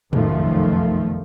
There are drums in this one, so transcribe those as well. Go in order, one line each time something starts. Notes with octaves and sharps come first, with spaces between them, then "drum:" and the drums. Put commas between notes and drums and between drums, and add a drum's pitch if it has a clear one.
F1 B1 F#2 D#3 F3 A3, drum: tom